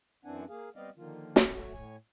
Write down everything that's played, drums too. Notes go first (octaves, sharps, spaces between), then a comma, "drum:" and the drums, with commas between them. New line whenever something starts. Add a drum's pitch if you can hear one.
F#2 E3 C4 D4 F#5 G#5
A#3 G#4 F5
G3 B3 C4 D5 D#5 F5
D3 D#3 F3 A#3 F4
drum: snare
A3 F#4 C#5
A2 C#5 G#5